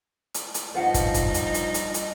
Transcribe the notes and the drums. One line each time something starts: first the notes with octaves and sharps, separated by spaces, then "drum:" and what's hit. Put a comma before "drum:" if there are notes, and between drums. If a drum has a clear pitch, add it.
drum: hi-hat
drum: hi-hat
G2 F3 D#4 B4 F5 F#5
drum: kick, hi-hat
drum: kick, hi-hat
drum: hi-hat
drum: hi-hat
drum: hi-hat
drum: hi-hat